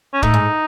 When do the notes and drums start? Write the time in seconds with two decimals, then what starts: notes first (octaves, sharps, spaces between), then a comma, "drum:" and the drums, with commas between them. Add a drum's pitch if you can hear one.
0.14 C#4
0.22 A2 D#4, drum: kick
0.34 G#2